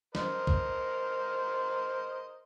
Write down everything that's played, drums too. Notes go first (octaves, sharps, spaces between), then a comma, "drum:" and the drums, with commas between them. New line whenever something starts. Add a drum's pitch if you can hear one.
A#4 C5 D#5, drum: snare
drum: kick B1